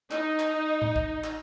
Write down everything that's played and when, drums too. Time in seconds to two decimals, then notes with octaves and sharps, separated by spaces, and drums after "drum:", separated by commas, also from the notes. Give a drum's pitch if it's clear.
0.11 D#4, drum: clap
0.39 drum: clap
0.82 drum: tom
0.96 drum: kick
1.24 drum: clap